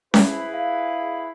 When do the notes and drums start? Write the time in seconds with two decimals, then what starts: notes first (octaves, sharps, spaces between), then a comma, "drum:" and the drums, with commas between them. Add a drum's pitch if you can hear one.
0.14 E4 G#4 B4, drum: snare C#4
0.54 F5